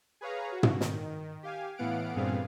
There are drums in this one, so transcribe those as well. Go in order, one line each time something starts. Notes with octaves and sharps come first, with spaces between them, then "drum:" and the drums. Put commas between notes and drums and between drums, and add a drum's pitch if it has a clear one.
G#4 B4 C#5 F5 A#5
F#4
drum: tom
D#3, drum: snare
G4 F5 G#5
A2 E3 B3 F5 F#5 D7
G2 A#2 B3 C4 G#4 F5